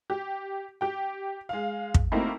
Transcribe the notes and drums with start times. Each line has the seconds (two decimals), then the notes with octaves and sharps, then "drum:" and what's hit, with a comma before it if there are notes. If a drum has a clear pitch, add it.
0.10 G4
0.81 G4 G5
1.49 G#3 F5
1.94 drum: kick
2.12 A3 A#3 C4 D#4 E4 F#4